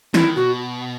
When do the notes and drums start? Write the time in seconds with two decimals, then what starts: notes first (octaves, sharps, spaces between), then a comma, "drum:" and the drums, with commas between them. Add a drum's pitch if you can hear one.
0.14 D#3 E4, drum: snare
0.36 B2 F#4